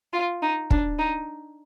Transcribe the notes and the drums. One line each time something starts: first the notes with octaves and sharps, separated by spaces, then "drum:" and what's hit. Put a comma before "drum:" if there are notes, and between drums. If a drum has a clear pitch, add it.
F4
D#4
D4, drum: kick
D#4